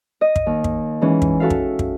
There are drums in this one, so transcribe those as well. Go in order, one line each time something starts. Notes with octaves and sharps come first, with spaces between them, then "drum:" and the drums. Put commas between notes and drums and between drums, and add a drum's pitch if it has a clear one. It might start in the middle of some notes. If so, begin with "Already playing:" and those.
D#5
drum: kick
D#2
drum: kick
G#2 E3 C#4
drum: kick
F#4 A4 E5 F5
drum: kick
drum: kick